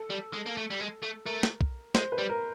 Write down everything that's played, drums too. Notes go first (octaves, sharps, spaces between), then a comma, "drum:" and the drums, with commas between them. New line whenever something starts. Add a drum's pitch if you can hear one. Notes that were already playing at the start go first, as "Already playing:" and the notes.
Already playing: A4
G3
G#3
A#3
A3
G3
G#3
A3
A3 A#4
drum: snare
drum: kick
G#3 C5, drum: snare
B4
G3
A#4